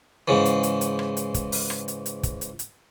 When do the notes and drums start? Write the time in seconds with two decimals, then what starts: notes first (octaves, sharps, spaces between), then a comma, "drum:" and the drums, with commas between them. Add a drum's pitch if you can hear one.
0.28 G#2 C#3 E3
0.45 drum: hi-hat
0.63 drum: hi-hat
0.81 drum: hi-hat
0.99 drum: rim click
1.17 drum: hi-hat
1.34 drum: kick, hi-hat
1.52 drum: open hi-hat
1.70 drum: rim click
1.88 drum: hi-hat
2.06 drum: hi-hat
2.23 drum: kick, hi-hat
2.41 drum: hi-hat
2.59 drum: hi-hat